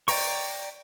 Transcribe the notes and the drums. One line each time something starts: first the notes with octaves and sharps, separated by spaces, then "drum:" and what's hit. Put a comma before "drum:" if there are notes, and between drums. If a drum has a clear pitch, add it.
D5 G5 A#5 C#6, drum: open hi-hat